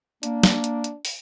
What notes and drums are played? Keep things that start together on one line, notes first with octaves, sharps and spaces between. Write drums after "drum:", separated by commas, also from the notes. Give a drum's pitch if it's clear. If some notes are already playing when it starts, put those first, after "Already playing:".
A#3 D4, drum: hi-hat
drum: snare
drum: hi-hat
drum: hi-hat
drum: open hi-hat